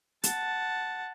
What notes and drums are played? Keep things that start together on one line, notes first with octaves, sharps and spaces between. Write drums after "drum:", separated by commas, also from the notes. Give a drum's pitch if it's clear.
F#5 A5, drum: hi-hat